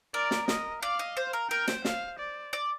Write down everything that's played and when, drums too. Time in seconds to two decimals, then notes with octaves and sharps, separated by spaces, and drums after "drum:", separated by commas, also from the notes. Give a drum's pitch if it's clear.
0.14 A#4 D5
0.31 drum: snare
0.48 D#5, drum: snare
0.82 D5 F5
0.99 D#5
1.17 C5
1.33 A#4
1.50 A#4 G5
1.68 C5, drum: snare
1.85 F5, drum: snare
2.19 D5
2.53 D5